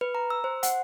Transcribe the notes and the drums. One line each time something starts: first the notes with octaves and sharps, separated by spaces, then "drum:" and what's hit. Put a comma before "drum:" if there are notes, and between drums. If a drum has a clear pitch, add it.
B4
A#5
E6
C5
F#5, drum: hi-hat